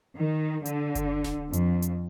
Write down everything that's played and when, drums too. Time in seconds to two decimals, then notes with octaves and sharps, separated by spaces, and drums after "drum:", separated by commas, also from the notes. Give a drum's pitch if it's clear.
0.17 D#3
0.65 D3, drum: hi-hat
0.95 drum: kick F#1, hi-hat
1.24 drum: snare D1
1.53 F2, drum: hi-hat
1.82 drum: hi-hat